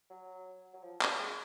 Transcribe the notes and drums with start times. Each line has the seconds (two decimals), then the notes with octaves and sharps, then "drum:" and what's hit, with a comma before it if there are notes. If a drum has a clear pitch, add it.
0.10 F#3
0.73 F#3
0.83 F3
1.02 G3, drum: clap
1.19 G#3